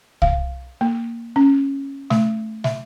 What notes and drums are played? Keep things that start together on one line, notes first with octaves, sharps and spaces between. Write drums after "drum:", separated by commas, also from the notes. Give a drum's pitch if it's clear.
F5, drum: kick C2
A#3
C#4
A3, drum: snare
E5, drum: snare